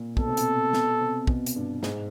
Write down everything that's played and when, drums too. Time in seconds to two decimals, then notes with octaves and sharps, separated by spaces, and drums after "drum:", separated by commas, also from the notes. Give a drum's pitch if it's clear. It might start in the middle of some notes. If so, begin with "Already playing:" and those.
Already playing: A#2
0.17 B2 A4, drum: kick
0.28 C3
0.37 B2, drum: hi-hat
0.73 B2, drum: snare
1.01 C3
1.27 B2, drum: kick
1.46 drum: hi-hat
1.56 G2
1.83 G#2, drum: snare